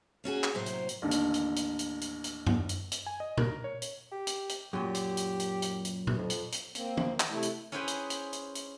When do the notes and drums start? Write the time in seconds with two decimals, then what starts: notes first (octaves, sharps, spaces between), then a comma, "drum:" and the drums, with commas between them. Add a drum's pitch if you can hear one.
0.24 A#3 C#4 F#4 G#4
0.44 drum: clap
0.54 A2 C3 F#3 A#3 C5
0.66 drum: hi-hat
0.89 drum: hi-hat
1.02 A1 D#2 D3 D4
1.11 drum: hi-hat
1.34 drum: hi-hat
1.56 drum: hi-hat
1.79 drum: hi-hat
2.01 drum: hi-hat
2.24 drum: hi-hat
2.47 drum: tom F#2
2.69 drum: hi-hat
2.92 drum: hi-hat
3.06 G#5
3.20 D#5
3.37 A#4, drum: tom A#2
3.64 C#5
3.82 drum: hi-hat
4.12 G4
4.27 drum: hi-hat
4.49 drum: hi-hat
4.73 F#2 A#2 G4
4.95 drum: hi-hat
5.17 drum: hi-hat
5.40 drum: hi-hat
5.62 drum: hi-hat
5.85 drum: hi-hat
6.07 drum: tom A#2
6.18 F2
6.30 drum: hi-hat
6.52 drum: hi-hat
6.75 A#3 C4, drum: hi-hat
6.97 drum: tom E3
7.20 drum: clap
7.30 C3 A3 E4
7.43 drum: hi-hat
7.72 C#4 E4 G#4 B4 C5 G5
7.88 drum: hi-hat
8.10 drum: hi-hat
8.33 drum: hi-hat
8.55 drum: hi-hat